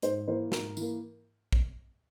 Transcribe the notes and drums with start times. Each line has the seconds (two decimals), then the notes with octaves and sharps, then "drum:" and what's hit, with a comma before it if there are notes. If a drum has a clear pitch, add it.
0.02 G#2 C5, drum: hi-hat
0.28 E3 A#3 C5
0.52 G#2 A#4, drum: snare
0.77 E3 A#3, drum: tambourine
1.53 drum: kick